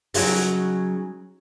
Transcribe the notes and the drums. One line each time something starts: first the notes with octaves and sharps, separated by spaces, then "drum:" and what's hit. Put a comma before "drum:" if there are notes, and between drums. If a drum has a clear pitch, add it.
C#3 F#3 D#4, drum: open hi-hat